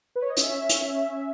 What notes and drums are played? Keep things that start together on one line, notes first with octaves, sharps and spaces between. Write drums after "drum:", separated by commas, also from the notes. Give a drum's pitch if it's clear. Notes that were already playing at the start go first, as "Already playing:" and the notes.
B4
C#5
D#5
C#4 E5, drum: hi-hat
drum: hi-hat